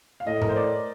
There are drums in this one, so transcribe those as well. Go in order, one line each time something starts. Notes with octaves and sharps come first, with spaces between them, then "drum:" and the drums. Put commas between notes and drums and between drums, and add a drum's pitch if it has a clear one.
F5
A2 D#5
A#4, drum: tom G#2
C5
D5